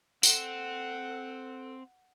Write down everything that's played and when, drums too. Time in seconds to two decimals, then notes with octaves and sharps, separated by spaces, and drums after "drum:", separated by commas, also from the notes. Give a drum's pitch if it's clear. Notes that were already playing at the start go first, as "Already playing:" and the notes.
0.23 C4 A4 F#5, drum: tambourine